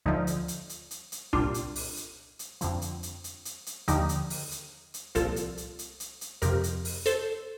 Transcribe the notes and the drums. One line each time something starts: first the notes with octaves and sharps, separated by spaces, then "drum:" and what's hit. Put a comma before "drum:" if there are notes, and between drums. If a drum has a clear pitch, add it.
D2 D3 F3 D#4
drum: hi-hat
drum: hi-hat
drum: hi-hat
drum: hi-hat
drum: hi-hat
C2 A#2 G3 D4 F4
drum: hi-hat
drum: open hi-hat
drum: hi-hat
drum: hi-hat
F2 D3 F3, drum: hi-hat
drum: hi-hat
drum: hi-hat
drum: hi-hat
drum: hi-hat
drum: hi-hat
D#2 D3 F3 D#4 G4, drum: hi-hat
drum: hi-hat
drum: open hi-hat
drum: hi-hat
drum: hi-hat
C2 A#2 F3 F4 A4, drum: hi-hat
drum: hi-hat
drum: hi-hat
drum: hi-hat
drum: hi-hat
drum: hi-hat
F2 C3 F3 G4 A#4, drum: hi-hat
drum: hi-hat
drum: open hi-hat
A4 C5, drum: hi-hat